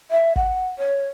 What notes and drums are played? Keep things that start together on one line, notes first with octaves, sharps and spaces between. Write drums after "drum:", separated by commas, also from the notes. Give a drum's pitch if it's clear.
E5
F#5, drum: kick
C#5